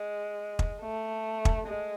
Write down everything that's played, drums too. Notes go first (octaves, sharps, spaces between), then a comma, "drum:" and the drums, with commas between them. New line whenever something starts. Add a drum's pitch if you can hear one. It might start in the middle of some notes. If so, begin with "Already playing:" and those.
Already playing: G#3
drum: kick
A3
drum: kick
G#3